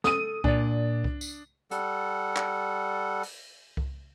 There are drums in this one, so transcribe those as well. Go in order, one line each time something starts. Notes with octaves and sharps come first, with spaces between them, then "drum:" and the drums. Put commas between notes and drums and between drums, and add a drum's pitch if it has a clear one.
A4 D#6 D#7, drum: snare
A#2 D4 D5, drum: kick C2
drum: kick C2
drum: tambourine
G3 A4 F#5, drum: hi-hat
drum: clap
drum: open hi-hat
drum: kick C2